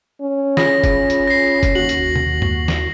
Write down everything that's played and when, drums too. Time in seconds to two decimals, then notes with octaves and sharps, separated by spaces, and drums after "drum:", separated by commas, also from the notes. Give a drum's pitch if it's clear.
0.22 C#4
0.57 F4 G#4 B5 A#6, drum: snare
0.83 drum: kick, hi-hat
1.10 drum: hi-hat
1.27 A#6 C7
1.63 drum: kick, hi-hat
1.75 D#2 F#4 F#7
1.89 drum: hi-hat
2.15 drum: tom
2.42 drum: tom F#2
2.68 drum: snare